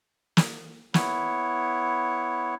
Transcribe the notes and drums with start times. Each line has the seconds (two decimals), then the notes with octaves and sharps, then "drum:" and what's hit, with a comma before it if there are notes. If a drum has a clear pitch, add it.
0.37 drum: snare
0.94 B3 E4 C#5, drum: snare